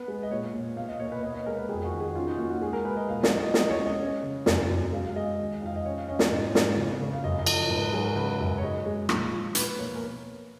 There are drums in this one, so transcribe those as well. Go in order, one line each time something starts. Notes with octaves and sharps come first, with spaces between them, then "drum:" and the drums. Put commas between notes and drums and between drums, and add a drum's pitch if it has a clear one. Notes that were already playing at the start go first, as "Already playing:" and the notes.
Already playing: B3 B4
G#3
D#5
A#2 C#5
A#2
B2 F5
D#5
A#3 C#5
B4
B3 D#5
D#5
G#3 A#4
B4
F2 G#4
G#4
F#4
D#3
G#4
C#4 F4
D#4
A#3 F#4
F#4
G#3 G#4
A#4
G#3 B4
D#5
A#2 F5
D#5, drum: snare
F#3
D#5
G#3 D#5, drum: snare
C#5
C#4
D#5
C#4
C#3
F#2, drum: snare
F#2
G#3 F5
F5
G#3 D#5
D#3
F2 F5
D#5
C#4 C#5
F5
C#4 D#5
drum: snare
G#2
B3, drum: snare
C#3
C#3
F5
F#2 D#5
D#5
F3, drum: cymbal
G#2 B4
B4
F#3 G#4
A#4
C#3 B4
F#2
C#5
G#3 D#5
G#3
A#2, drum: rim click
F3
B2 B4, drum: hi-hat
A#3 C#5
A#4